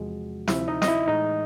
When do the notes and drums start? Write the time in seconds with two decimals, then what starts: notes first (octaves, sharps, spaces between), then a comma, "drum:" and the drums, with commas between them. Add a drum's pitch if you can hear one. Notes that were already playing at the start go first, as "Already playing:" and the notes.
Already playing: E2 C3 F3 G#3 F#4
0.48 D2 C3 F3 E4 E5, drum: snare
0.68 D#4 D#5
0.82 D#5, drum: snare
0.88 E4 E5
1.08 A2 E3 G#3 D#4 D#5